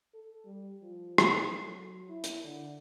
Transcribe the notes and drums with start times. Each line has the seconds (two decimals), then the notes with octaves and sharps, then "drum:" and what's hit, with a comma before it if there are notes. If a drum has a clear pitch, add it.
0.14 A4
0.45 G3
0.82 F3
1.18 A4, drum: rim click
1.64 F#3
2.09 E4
2.24 drum: hi-hat
2.44 D3